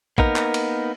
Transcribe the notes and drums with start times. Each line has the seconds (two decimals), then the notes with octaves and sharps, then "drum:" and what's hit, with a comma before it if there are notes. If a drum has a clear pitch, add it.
0.18 A#3 B3 D#4 A#4, drum: kick A1
0.36 drum: clap
0.54 drum: cymbal